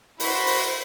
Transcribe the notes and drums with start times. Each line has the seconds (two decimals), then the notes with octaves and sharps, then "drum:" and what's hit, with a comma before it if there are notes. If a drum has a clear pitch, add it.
0.20 E4 F#4 C5 A#5 B5, drum: open hi-hat
0.46 drum: open hi-hat